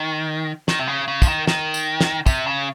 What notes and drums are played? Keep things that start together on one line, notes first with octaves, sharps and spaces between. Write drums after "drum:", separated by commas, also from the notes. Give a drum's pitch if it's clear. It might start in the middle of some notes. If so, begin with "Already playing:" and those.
Already playing: D#3
D#3, drum: snare
C3
C#3
C#3
F3, drum: kick, tambourine
D#3
D#3, drum: snare
drum: tambourine
drum: snare
C3, drum: kick, tambourine
C#3